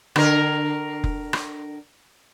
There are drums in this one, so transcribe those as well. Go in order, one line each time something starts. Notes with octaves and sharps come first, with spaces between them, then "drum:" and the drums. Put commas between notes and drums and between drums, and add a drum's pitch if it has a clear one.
D3 A#4, drum: rim click
drum: kick F1
drum: rim click